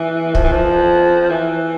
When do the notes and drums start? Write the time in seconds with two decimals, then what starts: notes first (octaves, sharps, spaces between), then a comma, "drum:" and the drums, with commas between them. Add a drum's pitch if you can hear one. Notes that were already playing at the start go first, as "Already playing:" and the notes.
Already playing: E3
0.35 F3, drum: kick
0.44 E3
0.52 F3
1.30 E3